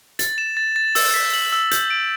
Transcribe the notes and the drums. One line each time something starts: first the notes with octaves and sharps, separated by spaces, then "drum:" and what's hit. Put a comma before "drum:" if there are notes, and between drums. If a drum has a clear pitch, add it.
A6, drum: hi-hat
E7
A6
A6
E6, drum: open hi-hat
B6
F#7
E6
G6, drum: hi-hat
D7